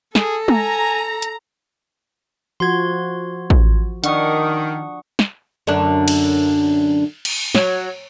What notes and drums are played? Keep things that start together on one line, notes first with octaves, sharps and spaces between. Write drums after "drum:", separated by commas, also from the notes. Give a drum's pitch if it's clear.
G#4 A4, drum: snare
G#5 A#5, drum: tom G#3
drum: hi-hat
F3 F#4 C6 G#6
drum: kick
D#3 D4 F#5 C#6 D#6, drum: hi-hat
drum: snare
F#2 D3 D4
drum: cymbal
drum: cymbal
F#3, drum: snare